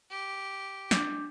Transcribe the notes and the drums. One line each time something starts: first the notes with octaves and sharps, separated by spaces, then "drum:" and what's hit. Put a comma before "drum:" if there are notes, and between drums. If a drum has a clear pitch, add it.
G4
D4 D6 G6, drum: snare